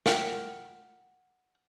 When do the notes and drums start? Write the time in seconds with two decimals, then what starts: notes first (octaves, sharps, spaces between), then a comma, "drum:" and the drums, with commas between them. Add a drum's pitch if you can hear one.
0.06 A#4 F#5 G5, drum: snare